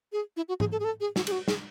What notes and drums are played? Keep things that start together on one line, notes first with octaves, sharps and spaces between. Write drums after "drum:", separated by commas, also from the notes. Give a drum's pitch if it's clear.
G#4
E4
F#4
G#4, drum: tom G#2
A4
G#4
A4
G#4
F#4, drum: snare
G#4, drum: cymbal
F#4
G#4, drum: snare